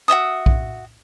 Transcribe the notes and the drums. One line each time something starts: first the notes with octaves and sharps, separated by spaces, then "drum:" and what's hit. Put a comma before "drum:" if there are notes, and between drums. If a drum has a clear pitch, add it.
F#4 D#5 E5 D#6
drum: kick B1